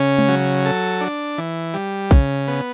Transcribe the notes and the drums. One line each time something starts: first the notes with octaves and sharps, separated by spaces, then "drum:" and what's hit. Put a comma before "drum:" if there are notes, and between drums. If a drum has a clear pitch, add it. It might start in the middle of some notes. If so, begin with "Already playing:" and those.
Already playing: C#3 C#4
drum: tom G#3
F#3
A4
D4
E3
G3
C#3, drum: kick A#1
B3